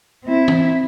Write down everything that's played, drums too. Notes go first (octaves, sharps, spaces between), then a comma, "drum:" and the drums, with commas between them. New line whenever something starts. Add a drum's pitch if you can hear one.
C4 E4
drum: tom E3